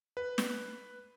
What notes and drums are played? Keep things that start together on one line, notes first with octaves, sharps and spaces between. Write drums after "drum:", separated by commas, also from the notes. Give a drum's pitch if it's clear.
B4
drum: snare